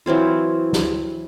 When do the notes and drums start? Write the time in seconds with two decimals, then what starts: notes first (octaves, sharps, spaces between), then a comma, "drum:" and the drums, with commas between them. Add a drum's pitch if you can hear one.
0.06 E3 F#3 C4 F4
0.73 drum: snare